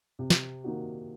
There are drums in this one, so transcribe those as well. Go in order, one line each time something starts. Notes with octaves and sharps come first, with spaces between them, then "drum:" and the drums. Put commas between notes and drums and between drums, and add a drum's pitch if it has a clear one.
C3
drum: snare
D#3 A#3 D#4 F#4